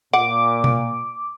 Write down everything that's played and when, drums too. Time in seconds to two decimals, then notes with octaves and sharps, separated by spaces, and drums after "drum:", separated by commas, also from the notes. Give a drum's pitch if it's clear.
0.13 A#2 F#5 D6
0.64 drum: tom B2